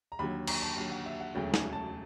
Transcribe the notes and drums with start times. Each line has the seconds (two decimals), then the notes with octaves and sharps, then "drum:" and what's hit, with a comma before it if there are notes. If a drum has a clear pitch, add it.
0.12 A#5
0.19 D#2 D3 F#3 B5
0.47 A#5, drum: cymbal
0.62 A5
0.77 D#2 D3 F#3
0.91 F#5
1.06 E5
1.20 F#5
1.35 E1 D2 C#3 F#3 A3 G5
1.54 G#5, drum: snare
1.73 A5